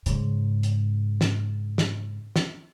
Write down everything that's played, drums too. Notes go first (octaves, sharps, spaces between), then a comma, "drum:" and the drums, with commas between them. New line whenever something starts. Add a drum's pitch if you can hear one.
G#2 C#3, drum: hi-hat
drum: hi-hat
drum: snare
drum: snare
drum: snare